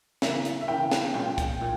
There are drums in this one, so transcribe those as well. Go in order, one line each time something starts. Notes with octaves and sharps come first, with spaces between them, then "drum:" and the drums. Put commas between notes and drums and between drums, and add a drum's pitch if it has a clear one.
C#3 E3 A#3 E5, drum: snare
drum: hi-hat
E5
C#3 E3 A#3 G5
drum: snare
A#2 G#3 C#4 G5
drum: kick, hi-hat
A#2